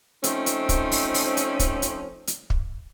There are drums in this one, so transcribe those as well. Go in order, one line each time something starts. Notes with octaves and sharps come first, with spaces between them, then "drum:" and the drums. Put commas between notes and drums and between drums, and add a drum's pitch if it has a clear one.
F3 A3 C4 C#4 D#4, drum: hi-hat
drum: hi-hat
drum: kick, hi-hat
drum: open hi-hat
drum: open hi-hat
drum: hi-hat
drum: kick, hi-hat
drum: hi-hat
drum: hi-hat
drum: kick